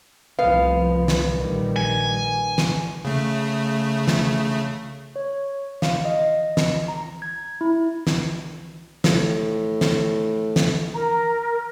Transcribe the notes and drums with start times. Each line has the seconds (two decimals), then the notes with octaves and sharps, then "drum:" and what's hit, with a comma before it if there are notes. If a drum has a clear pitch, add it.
0.39 F1 C2 F3 B3 F5
1.08 drum: snare
1.36 A#1 D#3 G3
1.76 G#5
2.58 drum: snare
3.05 C#3 A3
4.08 drum: snare
5.16 C#5
5.82 F5, drum: snare
6.05 D#5
6.57 drum: snare
6.88 A#5
7.22 G#6
7.61 E4
8.07 drum: snare
9.04 A2, drum: snare
9.81 drum: snare
10.56 drum: snare
10.95 A#4 A#5